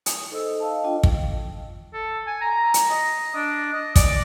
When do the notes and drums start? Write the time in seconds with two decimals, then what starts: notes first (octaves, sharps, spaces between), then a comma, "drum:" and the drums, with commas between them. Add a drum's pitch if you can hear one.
0.06 D#6, drum: hi-hat
0.31 D#4 A4 C5 D#5 E6
0.60 D#5 F5 A5
0.84 D4 F4 D#5 G5
1.04 drum: kick
1.94 A4
2.27 G#5
2.41 A#5
2.74 drum: hi-hat
2.91 D#5
3.35 D4
3.73 D#5
3.96 D5, drum: kick, hi-hat